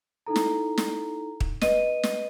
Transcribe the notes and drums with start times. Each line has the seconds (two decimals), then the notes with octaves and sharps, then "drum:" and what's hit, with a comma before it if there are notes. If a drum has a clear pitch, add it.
0.27 D#4 E4 A4 A#5
0.36 drum: snare
0.78 drum: snare
1.40 drum: kick
1.61 B4 D#5 D#7, drum: snare
2.03 drum: snare